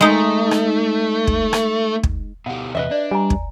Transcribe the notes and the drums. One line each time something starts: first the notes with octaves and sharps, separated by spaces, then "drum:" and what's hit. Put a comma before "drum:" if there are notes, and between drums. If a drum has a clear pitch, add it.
G#3 A3 D#4
drum: rim click
drum: kick
drum: rim click
drum: kick
B2 G3 F5 F#5
E2 C3 B4 D#5 E5
D4 D5
G3 G#5 A#5
drum: kick